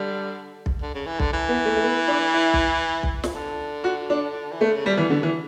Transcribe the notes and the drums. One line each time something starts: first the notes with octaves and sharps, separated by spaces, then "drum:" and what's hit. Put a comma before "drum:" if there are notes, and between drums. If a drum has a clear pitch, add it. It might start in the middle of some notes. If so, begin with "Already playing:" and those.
Already playing: D3 G3
drum: kick B1
D3
C#3
E3
D3, drum: kick B1
E3
B3
A3
A3
B3
D4
E4
drum: kick B1
drum: kick B1
drum: snare
D3
F#4
D4
E3
D3 A3
C#3
B2 G3
E3
D3
E3